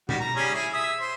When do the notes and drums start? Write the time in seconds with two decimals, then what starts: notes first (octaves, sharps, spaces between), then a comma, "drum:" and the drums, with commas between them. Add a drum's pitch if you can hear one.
0.09 D#3 G3 F#4, drum: tom B2
0.20 A#5
0.36 G3 C#4 G#4
0.54 E4 G#4
0.73 E5 D#6
1.00 C5